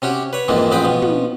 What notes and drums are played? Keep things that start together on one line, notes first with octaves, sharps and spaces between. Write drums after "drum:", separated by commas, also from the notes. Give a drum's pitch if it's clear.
C3 C#4 F#4 G4
B4 C#5
F2 G#2 E3 G#3 A#3
A1 F3 G#3 C4 B4 G5
B2 F3
drum: tom